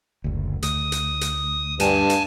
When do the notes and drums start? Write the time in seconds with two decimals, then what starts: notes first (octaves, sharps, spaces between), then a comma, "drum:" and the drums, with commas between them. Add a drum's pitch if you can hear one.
0.24 F#1 D2
0.62 D2 D#6, drum: hi-hat
0.92 drum: hi-hat
1.21 drum: hi-hat
1.80 G2 G#5 A5, drum: hi-hat
2.10 drum: hi-hat